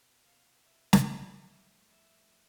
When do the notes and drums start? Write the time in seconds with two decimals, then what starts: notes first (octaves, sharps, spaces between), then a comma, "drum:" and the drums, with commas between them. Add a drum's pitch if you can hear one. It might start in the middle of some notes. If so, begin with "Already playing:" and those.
Already playing: B2 B3
0.25 F5
0.65 E5
0.93 drum: snare
1.07 D5
1.48 G2 F3 A3 E5
1.88 E5